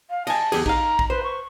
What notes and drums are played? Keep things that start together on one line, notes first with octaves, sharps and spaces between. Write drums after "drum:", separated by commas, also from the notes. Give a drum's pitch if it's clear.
F5
D#5 G#5 A5, drum: cymbal
E2 G4 G#4, drum: cymbal
D#4 F5 A#5, drum: kick A#1
drum: kick A#1
B4 C5
C#6